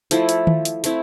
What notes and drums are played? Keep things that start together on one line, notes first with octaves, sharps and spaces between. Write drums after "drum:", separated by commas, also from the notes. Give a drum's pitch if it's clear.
F3 A3 E4, drum: hi-hat
drum: hi-hat
drum: tom D#3
drum: hi-hat
A3 C4 E4, drum: hi-hat